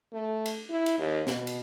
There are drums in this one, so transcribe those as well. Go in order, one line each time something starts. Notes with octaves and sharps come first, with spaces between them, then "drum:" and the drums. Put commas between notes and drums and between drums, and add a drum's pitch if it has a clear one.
A3
drum: cymbal
E4
drum: cymbal
D#2
B2, drum: snare
drum: cymbal